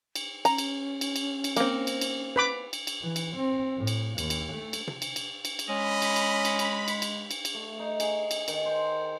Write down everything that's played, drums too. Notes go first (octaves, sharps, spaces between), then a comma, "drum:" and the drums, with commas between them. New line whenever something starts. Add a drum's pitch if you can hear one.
drum: cymbal
C#4 A#5, drum: cymbal
drum: cymbal
drum: cymbal
drum: cymbal
drum: cymbal
A#3 C4, drum: cymbal
drum: cymbal
drum: cymbal
B4 B5 D6
drum: cymbal
drum: cymbal
E3
drum: cymbal
C4
A2
drum: cymbal
D#2, drum: cymbal
drum: cymbal
A3
drum: cymbal
drum: tom
drum: cymbal
drum: cymbal
drum: cymbal
drum: cymbal
G#3 C#4 D#5 B5
drum: cymbal
drum: cymbal
drum: cymbal
drum: cymbal
drum: cymbal
drum: cymbal
drum: cymbal
drum: cymbal
A3
D#4
G#4, drum: cymbal
drum: cymbal
D#3, drum: cymbal
C5